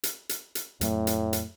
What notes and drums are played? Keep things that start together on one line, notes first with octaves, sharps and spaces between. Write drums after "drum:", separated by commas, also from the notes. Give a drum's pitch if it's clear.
drum: hi-hat
drum: hi-hat
drum: hi-hat
F2 A2 F#3 A3, drum: hi-hat
drum: hi-hat
drum: hi-hat